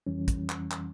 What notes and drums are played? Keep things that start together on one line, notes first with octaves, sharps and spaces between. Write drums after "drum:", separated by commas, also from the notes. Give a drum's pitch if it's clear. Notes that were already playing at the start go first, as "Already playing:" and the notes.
F2 E3 G3 C#4
drum: kick, hi-hat
drum: clap
drum: clap